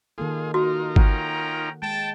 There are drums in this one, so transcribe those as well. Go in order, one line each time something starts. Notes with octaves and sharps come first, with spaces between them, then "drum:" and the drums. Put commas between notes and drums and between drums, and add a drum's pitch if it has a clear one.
D#3 A#3 F4 G#4 A4
D#4 F4 F#4 A#4
C#4 F#5 G5 A#5, drum: kick G1
G#3 G5 A5